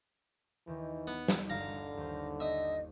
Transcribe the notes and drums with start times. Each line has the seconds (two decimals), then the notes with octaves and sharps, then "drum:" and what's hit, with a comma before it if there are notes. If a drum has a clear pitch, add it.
0.67 D#2 D#3 E3
1.07 B3
1.28 drum: snare
1.50 G1 D3 F5 A#5
1.97 D#2 C5
2.40 D#5 E5 D#6